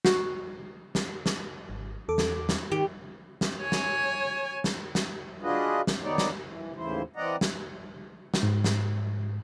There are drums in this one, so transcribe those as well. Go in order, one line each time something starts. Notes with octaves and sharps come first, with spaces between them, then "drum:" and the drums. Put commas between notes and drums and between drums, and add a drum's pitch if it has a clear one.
F#4, drum: snare
drum: snare
drum: snare
G#1
E2 A4 D6
drum: snare
drum: snare
D#3 G4
drum: snare
C#5 G#5
drum: snare
drum: snare
drum: snare
D4 F4 F#4 G#4 B4 D#5
drum: snare
D#3 B3 D#4 C#5 D5
drum: snare
E3
D#2 A2 C#3 E3 E4 C5
E3 C4 D5 D#5 F#5 A#5
drum: snare
drum: snare
G#2
drum: snare